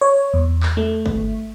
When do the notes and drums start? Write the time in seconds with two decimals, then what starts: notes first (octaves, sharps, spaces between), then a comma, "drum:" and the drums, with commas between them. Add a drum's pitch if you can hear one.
0.01 C#5
0.34 E2
0.63 drum: clap
0.77 A3
1.06 drum: kick G1